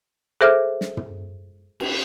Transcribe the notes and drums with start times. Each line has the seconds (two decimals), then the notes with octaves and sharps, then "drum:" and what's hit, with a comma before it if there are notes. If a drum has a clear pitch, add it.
0.41 G#4 A4 C5 E5 D6 F6
0.81 drum: snare
0.97 drum: tom
1.80 drum: cymbal